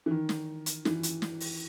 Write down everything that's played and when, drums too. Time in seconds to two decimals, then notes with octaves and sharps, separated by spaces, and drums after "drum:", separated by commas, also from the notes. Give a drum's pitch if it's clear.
0.06 E3
0.11 D#3
0.29 drum: snare
0.66 drum: hi-hat
0.85 E3, drum: snare
1.03 drum: hi-hat
1.22 drum: snare
1.40 drum: open hi-hat